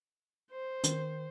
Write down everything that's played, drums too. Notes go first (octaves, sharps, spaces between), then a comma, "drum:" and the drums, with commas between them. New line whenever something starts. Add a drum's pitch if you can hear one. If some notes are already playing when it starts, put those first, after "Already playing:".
C5
D#3, drum: hi-hat